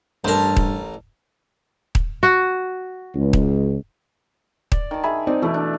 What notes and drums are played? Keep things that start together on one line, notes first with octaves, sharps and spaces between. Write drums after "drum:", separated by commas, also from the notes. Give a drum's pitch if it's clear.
A1 G2 A#4 C5 E5 A5
drum: kick D#1
drum: kick D#1
F#4
C#2
drum: kick D#1
D5, drum: kick D#1
D#3 A5
G#4 E5 B5
C4 D#4 D5
B2 E3 A3 E4
D4